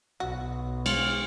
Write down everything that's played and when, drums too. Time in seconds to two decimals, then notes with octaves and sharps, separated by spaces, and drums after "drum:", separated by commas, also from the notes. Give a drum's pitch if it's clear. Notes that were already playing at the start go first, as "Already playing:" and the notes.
0.20 B1 F#4
0.86 G#3 F4, drum: cymbal